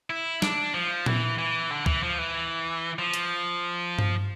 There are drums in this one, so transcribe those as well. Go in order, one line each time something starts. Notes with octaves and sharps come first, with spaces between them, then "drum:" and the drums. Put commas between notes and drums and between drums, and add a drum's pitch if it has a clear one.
E4
D4, drum: snare
F3
E3, drum: tom A#2
E3
D3
E3, drum: kick
F3
E3
F3
drum: hi-hat
drum: tom G2